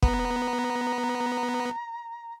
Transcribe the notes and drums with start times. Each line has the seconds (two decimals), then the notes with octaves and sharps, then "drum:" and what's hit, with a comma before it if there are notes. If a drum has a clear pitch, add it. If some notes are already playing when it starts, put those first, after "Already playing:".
0.02 B3 A#5, drum: kick